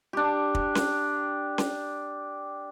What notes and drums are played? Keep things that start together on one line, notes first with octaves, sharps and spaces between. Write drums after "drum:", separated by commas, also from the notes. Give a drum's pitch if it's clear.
D4 G4
drum: kick
drum: snare C#4
drum: snare C#4